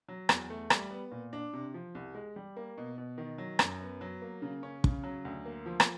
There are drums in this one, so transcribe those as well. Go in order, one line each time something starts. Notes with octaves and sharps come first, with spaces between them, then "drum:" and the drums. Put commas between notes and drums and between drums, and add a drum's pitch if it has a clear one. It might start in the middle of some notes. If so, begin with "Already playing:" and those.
F#3
E2, drum: rim click
A3
G3, drum: rim click
B3
A#2
D4
C3
F3
C2
G#3
G3
A#3
B2
B2
D#3
F#3
F#2, drum: rim click
B3
F#3
A#3
C#3
C#4
C#3, drum: kick
F#3
D2
A#3
F3
drum: rim click